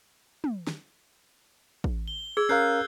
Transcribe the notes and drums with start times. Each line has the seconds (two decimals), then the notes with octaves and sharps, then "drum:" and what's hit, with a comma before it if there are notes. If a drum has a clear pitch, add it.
0.44 drum: tom
0.67 drum: snare
1.84 drum: kick A1
2.08 G7
2.37 G#4 E6 G#6
2.49 C#4 A#4 F5 F#6 G6 C7